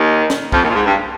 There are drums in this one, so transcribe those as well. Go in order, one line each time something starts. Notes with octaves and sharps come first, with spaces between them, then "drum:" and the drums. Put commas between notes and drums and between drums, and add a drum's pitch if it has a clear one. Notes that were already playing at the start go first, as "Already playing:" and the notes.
Already playing: D#2 D#3
drum: snare
F2 F3, drum: kick
D#2 D#3
A#2
G#2
G2